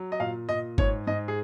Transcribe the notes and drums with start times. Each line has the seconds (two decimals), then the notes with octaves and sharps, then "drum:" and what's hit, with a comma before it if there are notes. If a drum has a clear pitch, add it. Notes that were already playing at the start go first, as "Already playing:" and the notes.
Already playing: F#3
0.12 D#5
0.20 A#2 F5
0.49 A#2 D#5
0.78 G#2 C#5, drum: kick G1
1.07 G#2 D#5
1.28 G#4